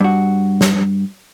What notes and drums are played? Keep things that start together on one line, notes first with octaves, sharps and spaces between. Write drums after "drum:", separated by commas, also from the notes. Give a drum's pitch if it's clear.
G2 F#4
drum: snare